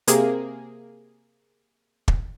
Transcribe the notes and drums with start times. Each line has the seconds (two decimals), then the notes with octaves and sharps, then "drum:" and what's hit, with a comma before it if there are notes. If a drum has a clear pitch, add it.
0.07 C3 A#3 G#4, drum: hi-hat
2.08 drum: kick